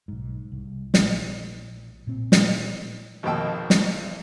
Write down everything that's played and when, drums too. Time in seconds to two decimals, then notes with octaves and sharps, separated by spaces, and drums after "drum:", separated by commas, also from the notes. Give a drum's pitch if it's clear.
0.08 B1 G#2
0.52 C2
0.94 A#1, drum: snare
2.07 A#2 C4
2.32 drum: snare
3.23 G#1 F2 B2 A#3 G5 E6
3.70 drum: snare